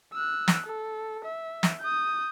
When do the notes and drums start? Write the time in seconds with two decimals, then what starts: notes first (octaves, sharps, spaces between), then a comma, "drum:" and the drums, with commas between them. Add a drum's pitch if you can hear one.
0.13 E6 F#6
0.48 drum: snare
0.66 A4
1.24 E5
1.63 drum: snare
1.80 D#6 G6